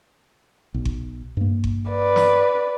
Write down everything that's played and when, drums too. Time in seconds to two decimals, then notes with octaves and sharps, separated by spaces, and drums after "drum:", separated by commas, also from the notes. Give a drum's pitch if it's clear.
0.74 B1
0.85 drum: kick G1
1.37 G2 A#3
1.64 drum: kick G1
1.90 B4 D5
2.16 drum: snare